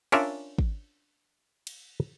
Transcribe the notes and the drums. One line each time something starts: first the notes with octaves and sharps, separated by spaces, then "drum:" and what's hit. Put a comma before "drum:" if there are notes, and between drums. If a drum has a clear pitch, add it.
C#4 D4 F4 A#4 D5 E5, drum: cymbal
drum: kick
drum: cymbal